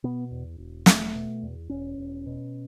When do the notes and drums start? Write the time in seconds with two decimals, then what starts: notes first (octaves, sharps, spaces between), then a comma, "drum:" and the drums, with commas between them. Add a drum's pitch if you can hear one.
0.04 B2 B3
0.31 E2
0.58 E1
0.86 E1 A3, drum: snare
1.15 B2
1.43 E2
1.69 E1 C#4
1.98 E1
2.26 B2